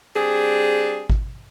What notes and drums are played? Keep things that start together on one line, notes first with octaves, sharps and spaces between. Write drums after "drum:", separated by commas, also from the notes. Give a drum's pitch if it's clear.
G3 C4 D4 G#4
drum: kick G#1